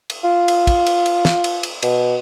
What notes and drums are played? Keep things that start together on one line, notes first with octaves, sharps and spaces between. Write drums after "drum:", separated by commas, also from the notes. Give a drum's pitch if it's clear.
drum: cymbal
F4
drum: cymbal
drum: kick, cymbal
drum: cymbal
drum: cymbal
drum: snare
drum: cymbal
drum: cymbal
B2, drum: cymbal